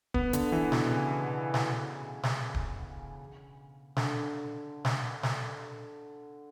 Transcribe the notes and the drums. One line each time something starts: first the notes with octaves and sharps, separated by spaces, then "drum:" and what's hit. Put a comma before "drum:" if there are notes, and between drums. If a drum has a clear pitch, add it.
B3, drum: kick D1
D3, drum: hi-hat
E3
B2, drum: snare
C#3
drum: snare
drum: snare
drum: kick D1
D3, drum: snare
drum: snare
drum: snare